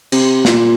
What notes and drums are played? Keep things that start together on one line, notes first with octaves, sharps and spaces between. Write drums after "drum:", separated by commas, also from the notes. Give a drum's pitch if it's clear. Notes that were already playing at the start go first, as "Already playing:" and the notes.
C3, drum: cymbal
A#2, drum: snare